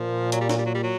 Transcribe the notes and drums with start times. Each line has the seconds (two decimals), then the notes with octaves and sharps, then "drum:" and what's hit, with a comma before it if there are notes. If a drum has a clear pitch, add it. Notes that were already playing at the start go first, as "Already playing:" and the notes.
Already playing: A#2 F3
0.32 F#3, drum: hi-hat
0.41 G3
0.49 F#3, drum: snare
0.58 G3
0.66 F#3
0.74 G3
0.83 F#3